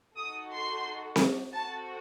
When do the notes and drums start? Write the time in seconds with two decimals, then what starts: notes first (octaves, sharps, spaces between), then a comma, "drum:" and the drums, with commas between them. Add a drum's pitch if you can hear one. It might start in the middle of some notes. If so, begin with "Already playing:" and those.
0.16 D#4 F#4 A4 D#6
0.51 C6
1.16 drum: snare C4
1.53 C4 F#4 A4 A5